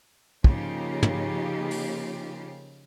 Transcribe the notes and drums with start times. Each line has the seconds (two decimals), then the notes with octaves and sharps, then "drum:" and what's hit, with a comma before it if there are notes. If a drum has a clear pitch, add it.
0.44 C#3 F3 A#3 D#4 F4 G4, drum: kick
1.03 drum: tom
1.71 drum: open hi-hat